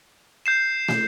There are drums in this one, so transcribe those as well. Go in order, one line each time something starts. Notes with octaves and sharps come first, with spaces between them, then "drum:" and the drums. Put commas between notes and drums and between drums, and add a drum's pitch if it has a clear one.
G6 C7 E7
drum: snare